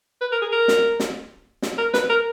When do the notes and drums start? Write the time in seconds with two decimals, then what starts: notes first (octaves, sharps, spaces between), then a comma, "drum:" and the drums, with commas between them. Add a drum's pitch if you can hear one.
0.21 B4
0.32 A#4
0.42 G#4
0.52 A#4
0.68 drum: snare
1.00 drum: snare
1.62 drum: snare
1.78 A#4
1.94 B4, drum: snare
2.10 A#4